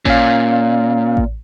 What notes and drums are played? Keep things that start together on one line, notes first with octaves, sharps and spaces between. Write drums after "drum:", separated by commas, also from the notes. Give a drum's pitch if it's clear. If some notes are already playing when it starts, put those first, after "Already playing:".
A#2 C#4 F5, drum: kick A1
drum: kick A1